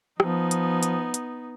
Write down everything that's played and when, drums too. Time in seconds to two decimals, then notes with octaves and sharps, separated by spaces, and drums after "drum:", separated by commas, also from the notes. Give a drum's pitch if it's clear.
0.20 F3 B3 D#4, drum: rim click
0.51 drum: hi-hat
0.83 drum: hi-hat
1.14 drum: hi-hat